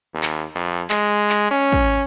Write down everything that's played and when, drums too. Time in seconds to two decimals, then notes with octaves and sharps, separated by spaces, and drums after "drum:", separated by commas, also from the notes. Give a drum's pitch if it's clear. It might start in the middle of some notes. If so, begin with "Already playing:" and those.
0.14 D#2
0.23 drum: clap
0.55 F2
0.90 G#3, drum: clap
1.30 drum: clap
1.51 C#4
1.72 drum: kick